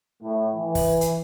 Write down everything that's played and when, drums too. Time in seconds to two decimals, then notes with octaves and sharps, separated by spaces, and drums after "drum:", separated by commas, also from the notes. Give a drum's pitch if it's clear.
0.23 A2
0.55 E3
0.75 drum: kick, open hi-hat
1.01 drum: hi-hat